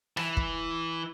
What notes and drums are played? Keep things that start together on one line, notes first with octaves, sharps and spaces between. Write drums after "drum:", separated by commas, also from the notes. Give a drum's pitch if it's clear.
E3, drum: rim click
drum: kick